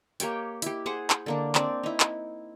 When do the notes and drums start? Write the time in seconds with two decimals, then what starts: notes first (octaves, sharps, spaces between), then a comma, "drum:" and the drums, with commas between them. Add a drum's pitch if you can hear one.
0.20 A#3 G4 C#5 G5, drum: hi-hat
0.62 E4 G4, drum: hi-hat
0.86 G#4 C5 F#5
1.10 drum: clap
1.26 D3 A#3 D4
1.55 C4 D4 D5, drum: clap
1.83 D#4 E4
2.00 drum: clap